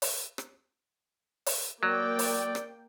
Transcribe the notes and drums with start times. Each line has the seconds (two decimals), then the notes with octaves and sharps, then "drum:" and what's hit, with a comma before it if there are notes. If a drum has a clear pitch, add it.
0.02 drum: open hi-hat
0.38 drum: rim click
1.46 drum: open hi-hat
1.83 F#3 A#3 D5 G5
2.19 drum: open hi-hat
2.55 drum: rim click